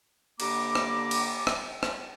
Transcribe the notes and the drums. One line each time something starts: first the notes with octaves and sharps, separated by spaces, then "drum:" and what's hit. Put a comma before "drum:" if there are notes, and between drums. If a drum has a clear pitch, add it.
D3 A#3 G4 A#5 B5 D6, drum: cymbal
drum: rim click
drum: cymbal
drum: rim click
drum: rim click